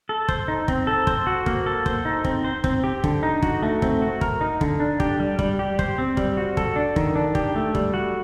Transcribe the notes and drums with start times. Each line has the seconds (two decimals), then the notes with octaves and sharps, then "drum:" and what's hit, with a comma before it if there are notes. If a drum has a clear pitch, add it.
0.09 A4
0.28 C5, drum: kick
0.48 D#4
0.68 C4, drum: kick
0.87 A4
1.07 C5, drum: kick
1.27 F#4
1.46 A#3, drum: kick
1.66 A4
1.86 C5, drum: kick
2.05 D#4
2.25 C4, drum: kick
2.44 C5
2.64 C4, drum: kick
2.84 G4
3.04 D3, drum: kick
3.23 D#4
3.42 F#4, drum: kick
3.63 A3
3.82 C4, drum: kick
4.02 F#4
4.21 A#4, drum: kick
4.41 D#4
4.61 D3, drum: kick
4.80 D4
5.00 G4, drum: kick
5.20 G3
5.39 G3, drum: kick
5.59 G4
5.79 C5, drum: kick
5.98 C4
6.17 G3, drum: kick
6.37 F#4
6.57 A4, drum: kick
6.76 D4
6.96 D#3, drum: kick
7.16 D4
7.35 G4, drum: kick
7.56 A3
7.75 G3, drum: kick
7.94 F#4